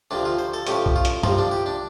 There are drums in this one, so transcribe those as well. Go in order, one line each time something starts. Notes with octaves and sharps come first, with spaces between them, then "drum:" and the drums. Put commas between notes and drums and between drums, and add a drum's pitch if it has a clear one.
D2 C3 F3 D4
F4
C5
A4
A1 A2 F3 G4, drum: hi-hat
drum: kick A#1
F4
drum: hi-hat
C2 C3 F3 F4, drum: tom
D4
G4
D4